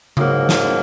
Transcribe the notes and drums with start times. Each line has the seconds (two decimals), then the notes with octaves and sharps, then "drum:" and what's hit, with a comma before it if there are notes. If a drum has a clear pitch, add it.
0.17 G#2 F#3 A#3, drum: tom C#3
0.49 drum: snare